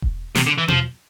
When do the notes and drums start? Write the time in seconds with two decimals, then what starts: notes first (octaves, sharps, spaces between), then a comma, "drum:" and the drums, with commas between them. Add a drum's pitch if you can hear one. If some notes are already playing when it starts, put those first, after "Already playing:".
0.02 drum: kick E1
0.35 C3, drum: snare
0.47 D3
0.58 E3
0.68 F3, drum: tom B2